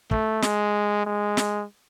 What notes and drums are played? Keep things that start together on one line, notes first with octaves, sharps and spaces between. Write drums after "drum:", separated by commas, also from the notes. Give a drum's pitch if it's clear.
A3, drum: kick
G#3, drum: snare
G#3
drum: snare